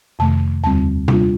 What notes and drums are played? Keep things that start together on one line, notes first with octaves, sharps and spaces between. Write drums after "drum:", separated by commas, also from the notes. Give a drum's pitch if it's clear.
F2 C3 D#3 A3 A5
D#2 D3 G3 C4 F4 A5
C3 G3 D4 F4, drum: tom